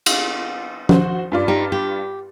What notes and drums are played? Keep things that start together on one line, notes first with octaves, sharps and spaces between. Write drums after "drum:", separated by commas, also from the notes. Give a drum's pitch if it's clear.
drum: cymbal
F#4 C5, drum: tom F3
G2 F4 D5
D#4 G4
G4